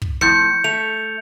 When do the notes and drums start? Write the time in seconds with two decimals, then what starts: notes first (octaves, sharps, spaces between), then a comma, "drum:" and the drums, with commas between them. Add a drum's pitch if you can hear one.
0.02 drum: kick
0.21 F2 A2 G6 C#7
0.64 A3 F7